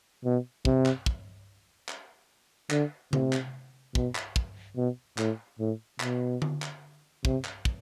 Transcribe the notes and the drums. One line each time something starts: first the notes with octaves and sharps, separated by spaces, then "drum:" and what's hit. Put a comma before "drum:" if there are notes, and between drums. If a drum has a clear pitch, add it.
B2
C3, drum: kick
drum: clap
drum: kick
drum: clap
D3, drum: clap
C3, drum: tom C3
drum: clap
B2, drum: kick
drum: clap
drum: kick
B2
A2, drum: clap
A2
B2, drum: clap
drum: tom D3
drum: clap
C3, drum: kick
drum: clap
drum: kick